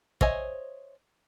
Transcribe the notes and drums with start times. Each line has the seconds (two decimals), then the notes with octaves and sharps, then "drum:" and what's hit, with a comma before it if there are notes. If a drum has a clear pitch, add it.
0.21 C5 C#5 D#5 E5 G#5, drum: kick